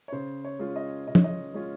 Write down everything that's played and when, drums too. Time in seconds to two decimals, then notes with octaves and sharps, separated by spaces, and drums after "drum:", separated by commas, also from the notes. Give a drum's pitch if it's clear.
0.08 C#5
0.12 C#3 C5
0.44 C#5
0.59 G#3 C#4 F4
0.76 D#5
1.07 C#3 D#5
1.15 C#5, drum: tom
1.24 D#5
1.54 G#3 C#4 F4